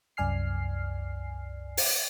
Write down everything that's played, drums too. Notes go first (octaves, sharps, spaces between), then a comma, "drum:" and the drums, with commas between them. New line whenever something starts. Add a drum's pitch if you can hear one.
C2 F#2 D5 G#5 F6 C7
drum: open hi-hat